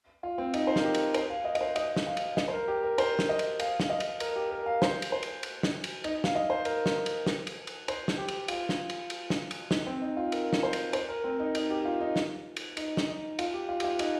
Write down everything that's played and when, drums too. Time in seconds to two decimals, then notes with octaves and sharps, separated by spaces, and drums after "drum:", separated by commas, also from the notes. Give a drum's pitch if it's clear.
0.23 F4
0.38 C4
0.54 D#4, drum: cymbal
0.67 C5
0.76 A#4, drum: snare
0.84 G4
0.94 drum: cymbal
1.14 C5, drum: cymbal
1.30 F5
1.45 D#5
1.55 D#5, drum: cymbal
1.61 C5
1.76 D#5, drum: cymbal
1.96 drum: snare
2.07 F5
2.17 drum: cymbal
2.37 D#5, drum: snare
2.48 C5
2.53 A#4
2.68 G4
2.83 A#4
2.98 C5, drum: cymbal
3.19 drum: snare
3.29 D#5
3.39 drum: cymbal
3.59 F5, drum: cymbal
3.80 F5, drum: snare
3.90 D#5
4.00 drum: cymbal
4.20 A#4, drum: cymbal
4.36 G4
4.51 A#4
4.66 F5
4.82 C5, drum: snare
5.02 drum: cymbal
5.12 C5
5.23 drum: cymbal
5.43 drum: cymbal
5.63 drum: snare
5.84 drum: cymbal
6.04 D#4, drum: cymbal
6.24 F5, drum: snare
6.35 D#5
6.50 C5
6.65 A#4, drum: cymbal
6.86 drum: snare
7.06 drum: cymbal
7.26 drum: snare
7.47 drum: cymbal
7.67 drum: cymbal
7.88 C5, drum: cymbal
8.08 drum: snare
8.18 G4
8.28 drum: cymbal
8.48 F4, drum: cymbal
8.69 drum: snare
8.90 drum: cymbal
9.10 drum: cymbal
9.30 drum: snare
9.51 drum: cymbal
9.71 D#4, drum: snare
9.87 C4
10.01 D#4
10.17 F4
10.32 A#4, drum: cymbal
10.53 drum: snare
10.63 C5
10.73 drum: cymbal
10.93 C5, drum: cymbal
11.08 A#4
11.24 C4
11.39 D#4
11.55 D#4, drum: cymbal
11.70 G4
11.85 F4
12.01 D#4
12.16 drum: snare
12.56 drum: cymbal
12.77 D#4, drum: cymbal
12.97 drum: snare
13.08 D#4
13.39 F4, drum: cymbal
13.54 G4
13.69 F4
13.80 G4, drum: cymbal
13.84 F4
13.99 D#4, drum: cymbal